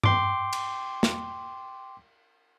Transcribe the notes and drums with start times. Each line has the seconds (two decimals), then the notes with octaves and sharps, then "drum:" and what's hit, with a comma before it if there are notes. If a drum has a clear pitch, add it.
0.03 G5 C6 D6, drum: tom G2
0.53 drum: cymbal
1.03 drum: snare